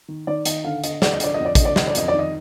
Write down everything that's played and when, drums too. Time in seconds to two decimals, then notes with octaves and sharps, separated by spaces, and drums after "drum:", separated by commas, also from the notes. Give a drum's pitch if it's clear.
0.08 D#3
0.27 D#3 D5
0.45 D#3 D#5, drum: hi-hat
0.64 D3 F5
0.84 D3 D#5, drum: hi-hat
1.02 D3 D5, drum: snare
1.13 D#5
1.20 D3 D5, drum: hi-hat
1.34 F2 D#5
1.45 D5
1.55 D3 D#5, drum: kick, hi-hat
1.65 D5
1.76 D3 D#5, drum: snare
1.87 D5
1.95 F2 D#5, drum: hi-hat
2.08 D5
2.13 D#3
2.19 D#5